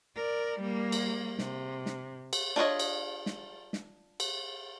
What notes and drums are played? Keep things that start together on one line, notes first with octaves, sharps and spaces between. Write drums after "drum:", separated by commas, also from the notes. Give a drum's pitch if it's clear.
A#4 D5
G3 A#3
drum: cymbal
C3, drum: snare
drum: snare
drum: cymbal
D4 F4 C#5 D#5
drum: cymbal
drum: snare
drum: snare
drum: cymbal